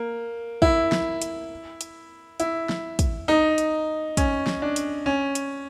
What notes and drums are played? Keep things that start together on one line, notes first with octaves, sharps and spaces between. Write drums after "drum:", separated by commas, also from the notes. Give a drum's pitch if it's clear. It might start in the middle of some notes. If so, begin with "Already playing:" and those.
Already playing: A#3
E4, drum: kick
drum: snare
drum: hi-hat
drum: hi-hat
E4, drum: hi-hat
drum: snare
drum: kick, hi-hat
D#4
drum: hi-hat
C#4, drum: kick, hi-hat
drum: snare
D4
drum: hi-hat
C#4
drum: hi-hat